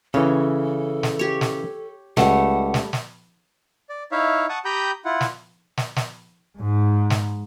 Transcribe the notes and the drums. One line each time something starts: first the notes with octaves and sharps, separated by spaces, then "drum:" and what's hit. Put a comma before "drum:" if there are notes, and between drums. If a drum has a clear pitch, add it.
C#3 E3 C#4 A4
drum: snare
G4 C#5
drum: snare
C#2 G3 A3 F#5, drum: snare
drum: snare
drum: snare
D5
D#4 E4 C#5 E5 F5
F#5 A5 C#6 D#6
G4 G5 A#5 B5 D#6 G6
E4 F4 F#5
drum: snare
drum: snare
drum: snare
G#2
drum: snare